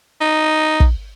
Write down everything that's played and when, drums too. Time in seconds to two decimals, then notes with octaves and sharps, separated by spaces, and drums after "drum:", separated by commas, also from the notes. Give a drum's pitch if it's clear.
0.21 D#4
0.80 drum: kick